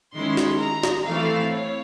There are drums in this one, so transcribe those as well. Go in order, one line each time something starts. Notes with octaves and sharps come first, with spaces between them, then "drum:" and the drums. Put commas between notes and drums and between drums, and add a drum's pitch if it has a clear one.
D#3 G#3 C#4 E4 C6
drum: snare
A#5
drum: snare
E3 A3 C4 E4 F5
C#5